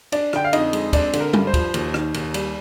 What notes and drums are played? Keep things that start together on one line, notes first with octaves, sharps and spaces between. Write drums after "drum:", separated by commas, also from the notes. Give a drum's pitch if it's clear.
D4 D5, drum: cymbal
D3 G5, drum: rim click
F5
F2 D#4 D#5, drum: cymbal
G#3, drum: cymbal
C4 D4 D5, drum: kick, cymbal
D3, drum: cymbal
A#4
G2, drum: tom G3
C5
F3, drum: kick, cymbal
D#2, drum: cymbal
D#3, drum: rim click
D#2, drum: cymbal
G3, drum: cymbal